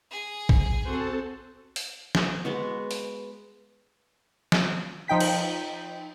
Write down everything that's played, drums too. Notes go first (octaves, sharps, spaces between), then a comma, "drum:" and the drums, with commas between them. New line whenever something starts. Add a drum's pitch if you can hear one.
G#4
drum: kick A1
C4 F#4 A4 C5 A5
drum: open hi-hat
drum: snare
G#3 B3 F#4
drum: open hi-hat
drum: snare
F3 D#4 G5 B6
drum: cymbal